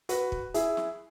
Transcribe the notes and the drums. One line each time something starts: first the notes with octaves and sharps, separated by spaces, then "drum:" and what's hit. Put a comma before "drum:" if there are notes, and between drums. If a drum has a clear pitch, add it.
F#4 B4, drum: hi-hat
drum: kick
E4 G#4, drum: hi-hat
drum: snare